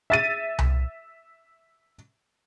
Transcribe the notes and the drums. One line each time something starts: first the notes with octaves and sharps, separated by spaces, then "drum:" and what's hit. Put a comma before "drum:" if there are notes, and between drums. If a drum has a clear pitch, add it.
E5 A6 D#7
drum: tom C2